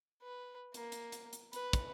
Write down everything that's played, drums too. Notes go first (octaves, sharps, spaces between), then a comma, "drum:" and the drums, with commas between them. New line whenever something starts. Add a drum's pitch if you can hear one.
B4
A#3, drum: hi-hat
drum: hi-hat
drum: hi-hat
drum: hi-hat
B4, drum: hi-hat
drum: kick, hi-hat